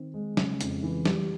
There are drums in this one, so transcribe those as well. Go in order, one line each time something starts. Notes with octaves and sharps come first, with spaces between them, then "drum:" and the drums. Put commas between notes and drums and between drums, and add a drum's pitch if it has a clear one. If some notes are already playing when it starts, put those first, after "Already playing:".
Already playing: D#3 C4
G#3
C#3, drum: snare
F2, drum: hi-hat
E3
G3, drum: snare